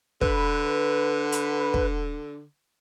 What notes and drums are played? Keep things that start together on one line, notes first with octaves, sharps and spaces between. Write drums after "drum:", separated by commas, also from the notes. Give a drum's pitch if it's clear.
D3 B4, drum: kick
drum: hi-hat
drum: kick